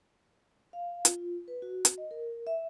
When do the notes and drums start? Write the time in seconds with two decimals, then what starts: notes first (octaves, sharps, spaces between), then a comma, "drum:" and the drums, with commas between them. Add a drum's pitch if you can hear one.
0.73 F5
1.05 F4, drum: hi-hat
1.48 B4
1.62 F#4
1.85 drum: hi-hat
1.98 D#5
2.11 A#4
2.47 E5